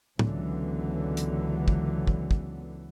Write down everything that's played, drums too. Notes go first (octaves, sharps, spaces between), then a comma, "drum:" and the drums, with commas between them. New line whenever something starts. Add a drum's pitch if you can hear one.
C#2 D3 E3 F#3 B3, drum: tom A2
drum: hi-hat
drum: kick
drum: kick
drum: kick